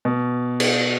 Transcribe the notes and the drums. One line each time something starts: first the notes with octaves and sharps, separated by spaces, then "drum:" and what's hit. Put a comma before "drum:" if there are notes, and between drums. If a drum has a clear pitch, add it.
B2
drum: cymbal